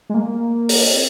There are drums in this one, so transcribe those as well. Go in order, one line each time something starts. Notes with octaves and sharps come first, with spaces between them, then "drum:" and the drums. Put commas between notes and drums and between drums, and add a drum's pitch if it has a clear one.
G#3
A#3
drum: open hi-hat
D4
C4